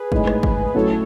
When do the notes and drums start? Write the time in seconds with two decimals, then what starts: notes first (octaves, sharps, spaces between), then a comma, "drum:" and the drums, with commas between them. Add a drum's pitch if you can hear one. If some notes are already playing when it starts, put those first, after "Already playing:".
Already playing: G#4 B4
0.12 A2 G#3 D#4, drum: kick
0.27 drum: rim click
0.43 drum: kick
0.74 A2 F#3 A3 C#4 E4 A4 C#5